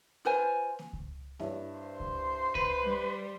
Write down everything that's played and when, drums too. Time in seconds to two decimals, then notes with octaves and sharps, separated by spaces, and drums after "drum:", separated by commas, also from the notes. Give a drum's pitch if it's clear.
0.25 F4 B4 C5 G#5
0.79 drum: snare A#3
0.93 drum: kick C#2
1.39 G2 E4 C#5, drum: snare A#3
1.79 C5 C6
2.00 drum: kick C#2
2.55 B4, drum: kick C#2
2.84 G3